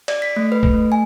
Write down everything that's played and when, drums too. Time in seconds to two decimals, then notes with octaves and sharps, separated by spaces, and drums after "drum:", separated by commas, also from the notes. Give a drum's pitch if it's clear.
0.08 D5, drum: cymbal
0.22 B6
0.36 A3
0.52 B4
0.63 drum: kick
0.73 A3
0.92 G#5